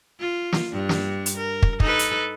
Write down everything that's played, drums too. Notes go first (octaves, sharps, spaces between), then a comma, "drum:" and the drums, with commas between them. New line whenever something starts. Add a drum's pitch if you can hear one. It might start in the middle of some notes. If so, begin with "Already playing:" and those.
F4
drum: snare
G2 D4
drum: snare
drum: hi-hat
A#4
drum: kick
D#4 A4 B4, drum: kick
drum: hi-hat